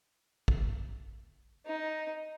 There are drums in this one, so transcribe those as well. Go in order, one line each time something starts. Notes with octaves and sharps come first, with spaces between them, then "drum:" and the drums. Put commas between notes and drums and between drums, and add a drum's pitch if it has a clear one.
drum: kick
D#4